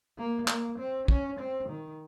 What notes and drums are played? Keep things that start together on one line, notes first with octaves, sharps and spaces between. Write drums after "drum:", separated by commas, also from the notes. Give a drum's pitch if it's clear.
A#3
A#3, drum: clap
C4
C#4, drum: kick
C4
D#3